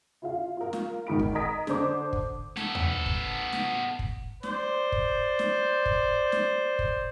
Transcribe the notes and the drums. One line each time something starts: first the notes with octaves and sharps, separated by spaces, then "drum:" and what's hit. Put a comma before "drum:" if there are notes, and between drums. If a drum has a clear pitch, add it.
E4 F4 F5
F4 A#4
drum: snare
G#1 D#3 B5 D7
drum: kick
D#5 A#5 D#6 G#6 B6 D7
D3 D4 C5 D6, drum: snare
drum: kick
B3 A4, drum: snare
drum: tom D#2
drum: kick
drum: snare
drum: kick
C5 D5, drum: snare
drum: kick
drum: snare
drum: kick
drum: snare
drum: kick